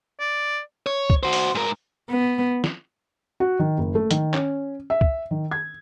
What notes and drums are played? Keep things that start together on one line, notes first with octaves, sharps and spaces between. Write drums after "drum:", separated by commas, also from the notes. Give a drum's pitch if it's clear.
D5
C#5
drum: kick
F#4 C5
drum: open hi-hat
G#2 A#4
B3
drum: snare
F#4
D#3
F#1
A3
D#3, drum: hi-hat
C#4, drum: clap
E5
drum: kick
D#3
G#6